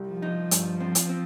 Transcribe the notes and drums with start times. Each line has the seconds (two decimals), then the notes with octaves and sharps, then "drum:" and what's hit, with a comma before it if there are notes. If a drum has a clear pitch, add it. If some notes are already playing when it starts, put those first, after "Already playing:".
Already playing: C2 G3
0.08 F3
0.22 D#4
0.51 G2, drum: hi-hat
0.80 C4
0.95 drum: hi-hat
1.09 C4